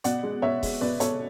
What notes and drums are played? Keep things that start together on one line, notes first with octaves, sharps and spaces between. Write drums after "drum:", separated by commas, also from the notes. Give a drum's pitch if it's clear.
B2 D5 F#5, drum: hi-hat
G#3
B2 C#5 E5
G#3, drum: kick, open hi-hat
B2 B4 D5
B2 A4 C#5, drum: hi-hat